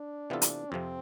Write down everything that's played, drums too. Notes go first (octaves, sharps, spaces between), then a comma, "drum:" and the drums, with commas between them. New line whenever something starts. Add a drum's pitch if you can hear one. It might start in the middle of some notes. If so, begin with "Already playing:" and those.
Already playing: D4
C3 E3 B3 F4 A4
drum: hi-hat
F2 C3 F3 C4